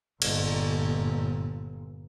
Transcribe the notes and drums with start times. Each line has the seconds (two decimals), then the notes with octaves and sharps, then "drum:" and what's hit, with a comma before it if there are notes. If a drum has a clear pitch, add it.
0.22 G1 A#2, drum: cymbal